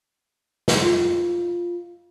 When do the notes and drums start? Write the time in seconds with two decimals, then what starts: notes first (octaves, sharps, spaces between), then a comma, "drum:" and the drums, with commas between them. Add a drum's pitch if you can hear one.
0.68 drum: snare
0.82 F4